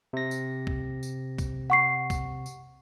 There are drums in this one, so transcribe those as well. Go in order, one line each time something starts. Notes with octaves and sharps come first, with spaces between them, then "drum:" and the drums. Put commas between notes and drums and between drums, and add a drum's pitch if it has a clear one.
C3 A#6
drum: tambourine
drum: kick B1
drum: tambourine
drum: kick B1, tambourine
F#5 C#6 C7
drum: kick B1, tambourine
drum: tambourine